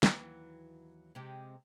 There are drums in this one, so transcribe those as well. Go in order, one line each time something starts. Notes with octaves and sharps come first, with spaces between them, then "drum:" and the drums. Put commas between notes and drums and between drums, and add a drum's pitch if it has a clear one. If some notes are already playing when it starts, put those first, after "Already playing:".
D#2 E3 F#3, drum: snare
C3 G#3 G4